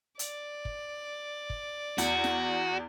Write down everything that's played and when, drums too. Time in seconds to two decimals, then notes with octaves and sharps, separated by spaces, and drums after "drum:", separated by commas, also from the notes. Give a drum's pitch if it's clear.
0.19 D5, drum: hi-hat
0.65 drum: kick
1.50 drum: kick
1.98 E2 F#4, drum: hi-hat
2.24 drum: snare